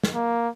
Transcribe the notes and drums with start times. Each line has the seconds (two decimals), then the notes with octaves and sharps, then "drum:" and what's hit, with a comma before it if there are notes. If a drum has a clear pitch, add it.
0.04 drum: snare
0.14 A#3